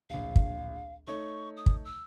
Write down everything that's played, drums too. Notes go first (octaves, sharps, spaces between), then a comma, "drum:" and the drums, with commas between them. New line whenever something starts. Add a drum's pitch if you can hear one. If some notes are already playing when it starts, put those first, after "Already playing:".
D1 A#1 F5
drum: kick
A3 D#4 C#5 C#6
D#6
drum: kick
E6